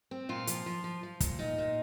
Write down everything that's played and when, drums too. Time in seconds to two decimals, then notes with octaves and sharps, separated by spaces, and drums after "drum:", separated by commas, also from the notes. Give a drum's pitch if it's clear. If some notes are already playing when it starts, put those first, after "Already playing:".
0.11 C4
0.29 A#2 F4
0.47 F3, drum: hi-hat
0.66 F3
0.84 F3
1.03 F3
1.20 A#2, drum: kick, hi-hat
1.39 A#2 D#4
1.58 A#2